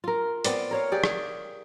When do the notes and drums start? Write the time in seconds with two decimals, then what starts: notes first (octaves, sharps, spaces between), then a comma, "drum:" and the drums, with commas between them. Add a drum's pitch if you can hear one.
0.04 F4 A#4
0.45 B3 C4 D5, drum: hi-hat
0.71 A#4 C#5 F5
0.92 G4 G#4 D5
1.04 drum: rim click